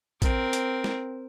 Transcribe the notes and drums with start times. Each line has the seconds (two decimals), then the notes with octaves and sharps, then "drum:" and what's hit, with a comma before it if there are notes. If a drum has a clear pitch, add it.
0.22 C4 A#4, drum: kick, hi-hat
0.53 drum: hi-hat
0.84 drum: snare